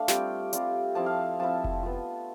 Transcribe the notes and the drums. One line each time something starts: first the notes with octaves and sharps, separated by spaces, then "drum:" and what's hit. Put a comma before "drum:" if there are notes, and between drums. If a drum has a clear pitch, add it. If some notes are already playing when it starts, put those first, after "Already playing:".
Already playing: A3 D4 F5
G3 C4 F4 G5, drum: snare
G3 C4 F4, drum: hi-hat
F3 C4 E4 A5
F5
F3 C4 E4 A5
drum: kick F1
B3 F4